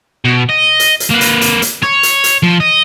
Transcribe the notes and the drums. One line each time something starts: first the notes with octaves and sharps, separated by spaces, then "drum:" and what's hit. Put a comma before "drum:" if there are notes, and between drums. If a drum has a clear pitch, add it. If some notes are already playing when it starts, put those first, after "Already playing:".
B2
D#5
drum: hi-hat
drum: hi-hat
A#3 B4
drum: hi-hat
drum: hi-hat
drum: hi-hat
C#5, drum: rim click
drum: hi-hat
drum: hi-hat
F3
D#5